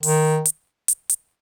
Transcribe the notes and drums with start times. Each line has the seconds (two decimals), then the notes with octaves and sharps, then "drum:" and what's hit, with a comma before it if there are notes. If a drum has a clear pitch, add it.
0.03 D#3, drum: open hi-hat
0.45 drum: hi-hat
0.88 drum: hi-hat
1.09 drum: hi-hat